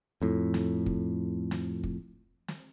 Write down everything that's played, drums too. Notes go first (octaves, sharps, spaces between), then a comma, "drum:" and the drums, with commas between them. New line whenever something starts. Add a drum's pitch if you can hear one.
F2 A2
drum: snare
drum: kick
drum: snare
drum: kick
drum: snare